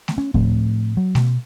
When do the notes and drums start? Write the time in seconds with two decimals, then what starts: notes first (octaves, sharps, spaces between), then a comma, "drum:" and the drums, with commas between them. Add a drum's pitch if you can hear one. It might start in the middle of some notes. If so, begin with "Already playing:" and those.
0.08 drum: snare A3
0.18 C#4
0.34 A2 F3 A3 C4, drum: kick D2
0.97 F#3
1.15 B2, drum: snare A3